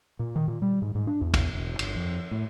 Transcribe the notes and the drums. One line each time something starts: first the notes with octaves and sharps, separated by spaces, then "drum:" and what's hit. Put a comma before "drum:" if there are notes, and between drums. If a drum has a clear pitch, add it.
A#2
D#3
A#2
G3
G#2
G#2
D4
E2
drum: kick, cymbal
E1
G1, drum: cymbal
F2
A2